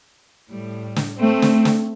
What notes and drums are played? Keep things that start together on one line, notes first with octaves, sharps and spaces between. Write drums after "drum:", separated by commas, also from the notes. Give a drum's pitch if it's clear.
A2 G3
drum: snare
A3 C4
drum: snare
drum: snare